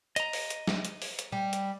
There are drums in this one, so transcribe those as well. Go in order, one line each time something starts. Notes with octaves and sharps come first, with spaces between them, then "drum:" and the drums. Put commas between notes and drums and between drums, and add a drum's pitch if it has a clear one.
D#5 A#5, drum: hi-hat
drum: open hi-hat
drum: hi-hat
drum: snare
drum: hi-hat
drum: open hi-hat
drum: hi-hat
G3
drum: hi-hat